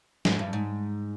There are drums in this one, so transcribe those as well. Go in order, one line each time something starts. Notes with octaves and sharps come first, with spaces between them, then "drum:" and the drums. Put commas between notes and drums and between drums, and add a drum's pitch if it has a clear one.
G#2, drum: snare
G2
G#2